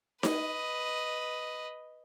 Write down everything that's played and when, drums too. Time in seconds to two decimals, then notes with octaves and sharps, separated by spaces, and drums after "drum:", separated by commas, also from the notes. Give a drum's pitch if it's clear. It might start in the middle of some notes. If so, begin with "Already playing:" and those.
0.23 B4 D#5, drum: snare D#4